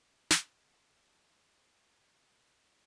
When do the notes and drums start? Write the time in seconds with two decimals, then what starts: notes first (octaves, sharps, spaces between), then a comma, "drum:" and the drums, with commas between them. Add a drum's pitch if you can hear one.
0.31 drum: snare
0.67 D5
1.05 D4